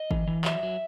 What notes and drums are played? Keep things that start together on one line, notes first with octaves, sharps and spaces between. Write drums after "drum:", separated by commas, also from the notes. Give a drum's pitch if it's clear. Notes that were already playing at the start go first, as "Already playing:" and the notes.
Already playing: D#5
E3, drum: kick G1
E3
F#3 E5, drum: clap
F#3